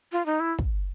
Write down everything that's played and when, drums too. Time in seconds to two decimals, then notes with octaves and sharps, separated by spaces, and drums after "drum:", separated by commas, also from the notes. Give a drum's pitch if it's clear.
0.12 F4
0.26 D#4
0.40 E4
0.59 drum: kick